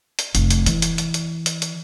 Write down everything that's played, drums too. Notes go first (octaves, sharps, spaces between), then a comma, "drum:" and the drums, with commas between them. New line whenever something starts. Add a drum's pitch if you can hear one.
drum: hi-hat
F1, drum: hi-hat
drum: hi-hat
E3, drum: hi-hat
drum: hi-hat
drum: hi-hat
drum: hi-hat
drum: hi-hat
drum: hi-hat